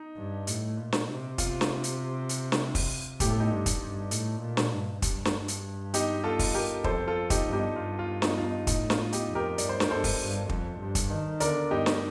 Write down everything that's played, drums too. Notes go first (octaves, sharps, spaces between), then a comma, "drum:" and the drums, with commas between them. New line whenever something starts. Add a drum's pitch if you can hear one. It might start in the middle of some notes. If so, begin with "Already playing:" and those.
Already playing: D#4
G2
A2, drum: hi-hat
A#2
drum: snare
C3
F4, drum: kick, hi-hat
drum: snare
drum: hi-hat
drum: hi-hat
drum: snare
drum: kick, open hi-hat
A2 G4, drum: kick, hi-hat
A4
D#4 G4
G2
drum: kick, hi-hat
G2
A2, drum: hi-hat
A#2
drum: snare
G2
G2, drum: kick, hi-hat
drum: snare
drum: hi-hat
D#4 G4, drum: hi-hat
F4 A4
drum: kick, open hi-hat
G4 A#4
F2 A4 C5, drum: kick
F4 A4
D#4 G4, drum: kick, hi-hat
G2
D#4 G4
G2 F4
F4
D#4, drum: snare
F4
D#4
A2 D#4, drum: kick, hi-hat
F4, drum: snare
D#4 G4, drum: hi-hat
F2
G4 A#4
G2 D5, drum: hi-hat
C5
A#4, drum: snare
G2 A4 C5
drum: kick, open hi-hat
G2
F2, drum: kick
G2
drum: kick, hi-hat
D#3
D3 A#4 D5, drum: hi-hat
G2 D#4 G4
drum: snare